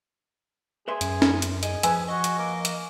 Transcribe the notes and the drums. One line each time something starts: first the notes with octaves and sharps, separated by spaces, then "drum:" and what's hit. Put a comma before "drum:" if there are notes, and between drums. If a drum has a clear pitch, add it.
G#4 B4 E5 C6
F#2, drum: hi-hat
drum: snare
drum: hi-hat
G#4 D#5, drum: hi-hat
F3 B4 G#5 E6, drum: hi-hat
F#4 D#5
drum: hi-hat
A#3
drum: hi-hat